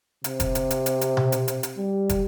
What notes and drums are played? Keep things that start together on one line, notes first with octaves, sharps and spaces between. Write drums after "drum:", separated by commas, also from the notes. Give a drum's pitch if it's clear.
C3, drum: hi-hat
drum: kick, hi-hat
drum: hi-hat
drum: hi-hat
drum: hi-hat
drum: hi-hat
drum: tom B2
drum: hi-hat
drum: hi-hat
drum: hi-hat
G3
drum: kick, hi-hat